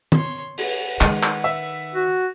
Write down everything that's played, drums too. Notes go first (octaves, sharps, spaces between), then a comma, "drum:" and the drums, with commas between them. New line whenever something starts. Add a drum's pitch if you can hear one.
C#5 C6, drum: tom D#3
B4 F#5, drum: open hi-hat
D#3 G#3, drum: clap
drum: clap
E5
F#4